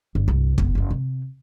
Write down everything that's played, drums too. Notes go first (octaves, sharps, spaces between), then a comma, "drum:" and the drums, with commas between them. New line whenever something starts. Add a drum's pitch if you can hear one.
G1
C2
F1 B3, drum: kick
F#1 E2
C3